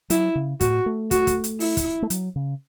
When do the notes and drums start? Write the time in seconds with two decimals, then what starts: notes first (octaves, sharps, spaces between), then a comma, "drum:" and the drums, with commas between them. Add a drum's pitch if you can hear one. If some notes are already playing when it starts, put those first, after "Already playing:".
0.10 F#3 E4, drum: hi-hat
0.35 C#3
0.61 A2 F#4, drum: kick, hi-hat
0.86 A3
1.11 F#4, drum: kick, hi-hat
1.27 drum: kick, hi-hat
1.44 drum: hi-hat
1.60 E4, drum: open hi-hat
1.77 drum: kick, hi-hat
2.02 A3
2.10 F#3, drum: hi-hat
2.36 C#3